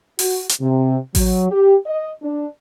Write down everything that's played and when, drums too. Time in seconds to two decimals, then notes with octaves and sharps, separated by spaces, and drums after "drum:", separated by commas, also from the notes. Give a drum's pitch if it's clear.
0.19 F#4, drum: open hi-hat
0.49 drum: hi-hat
0.60 C3
1.15 F#3, drum: kick A1, open hi-hat
1.51 G4
1.86 D#5
2.23 D4